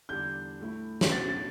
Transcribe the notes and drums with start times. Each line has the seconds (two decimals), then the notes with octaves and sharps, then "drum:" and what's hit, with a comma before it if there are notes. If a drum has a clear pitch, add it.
0.09 E2 D3 G3 D4 G6
0.60 A2 A3 E4
1.01 drum: snare
1.11 B2 A3 D4 A6
1.29 A6